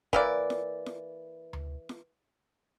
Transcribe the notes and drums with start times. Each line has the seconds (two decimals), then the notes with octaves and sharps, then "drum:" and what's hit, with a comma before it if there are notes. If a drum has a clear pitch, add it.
0.13 E3 A#3 D5, drum: kick
0.50 drum: snare
0.86 drum: snare
1.53 drum: tom D2
1.89 drum: snare